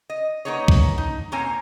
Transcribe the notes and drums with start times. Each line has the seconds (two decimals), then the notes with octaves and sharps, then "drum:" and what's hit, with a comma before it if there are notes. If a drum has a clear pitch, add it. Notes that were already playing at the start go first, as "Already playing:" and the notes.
0.10 D#5
0.45 A#3 B3 D#4 G#4 C#5
0.68 drum: kick
0.98 D#4
1.32 B2 A#3 C4 C#5 G#5 A#5